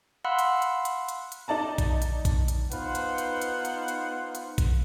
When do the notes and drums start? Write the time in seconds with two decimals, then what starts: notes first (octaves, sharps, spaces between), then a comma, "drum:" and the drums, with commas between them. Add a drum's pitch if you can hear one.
0.24 F5 F#5 B5 C6 E6 F#6
0.39 drum: hi-hat
0.62 drum: hi-hat
0.85 drum: hi-hat
1.09 drum: hi-hat
1.32 drum: hi-hat
1.48 D#4 D5 A5 A#5
1.78 drum: kick A#1, hi-hat
2.02 drum: hi-hat
2.25 drum: kick A#1, hi-hat
2.48 drum: hi-hat
2.72 B3 D#4 F4 B4 C5 F#5, drum: hi-hat
2.95 drum: hi-hat
3.18 drum: hi-hat
3.42 drum: hi-hat
3.65 drum: hi-hat
3.88 drum: hi-hat
4.35 drum: hi-hat
4.58 drum: kick A#1, hi-hat